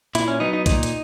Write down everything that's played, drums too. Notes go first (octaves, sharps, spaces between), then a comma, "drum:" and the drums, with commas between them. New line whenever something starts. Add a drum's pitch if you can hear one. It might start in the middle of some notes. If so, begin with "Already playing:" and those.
A#2 E4, drum: hi-hat
C#4
F#3 B3 D#4
D#4
A#2 D#4, drum: kick, hi-hat
drum: hi-hat